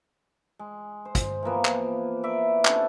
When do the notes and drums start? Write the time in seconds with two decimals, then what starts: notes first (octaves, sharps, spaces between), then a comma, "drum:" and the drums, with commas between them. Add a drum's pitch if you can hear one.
0.59 G#3
1.05 C5
1.15 drum: kick, hi-hat
1.43 E3 F3 A#3 B3
1.65 drum: clap
2.23 E4 D5 E5 D6
2.65 C3 C#4 D4 A4, drum: clap